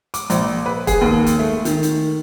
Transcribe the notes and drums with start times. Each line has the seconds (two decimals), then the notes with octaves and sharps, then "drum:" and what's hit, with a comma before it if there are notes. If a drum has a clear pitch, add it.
0.14 D6, drum: hi-hat
0.30 A#1, drum: hi-hat
0.66 B4
0.87 G#4, drum: kick, hi-hat
1.01 D#2
1.26 drum: hi-hat
1.39 A3
1.65 D#3, drum: hi-hat
1.83 drum: hi-hat